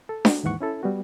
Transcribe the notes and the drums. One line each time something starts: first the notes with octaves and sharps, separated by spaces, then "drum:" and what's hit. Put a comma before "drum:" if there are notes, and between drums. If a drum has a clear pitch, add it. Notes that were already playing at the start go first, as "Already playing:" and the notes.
A4
F#4, drum: snare D4
D#2 G#2 E3 F#5 C#6
C#4 E4 A4
G3 B3 F#4